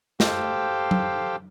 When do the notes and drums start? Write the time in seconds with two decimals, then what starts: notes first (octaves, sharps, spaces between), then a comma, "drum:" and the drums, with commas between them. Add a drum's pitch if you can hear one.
0.20 G4 A4 C5 F5 G5, drum: snare
0.91 drum: tom F#3